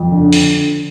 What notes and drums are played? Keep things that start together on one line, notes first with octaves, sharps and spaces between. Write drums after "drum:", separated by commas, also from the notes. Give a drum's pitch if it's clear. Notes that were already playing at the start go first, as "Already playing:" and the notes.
Already playing: F2
D3
drum: open hi-hat